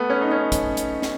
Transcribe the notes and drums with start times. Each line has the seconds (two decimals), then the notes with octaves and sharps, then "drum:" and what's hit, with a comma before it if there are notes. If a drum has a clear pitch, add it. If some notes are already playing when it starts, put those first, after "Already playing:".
Already playing: A3 B3
0.10 C#4
0.21 D#4
0.32 C#4
0.52 drum: kick, hi-hat
0.77 drum: hi-hat
1.02 drum: snare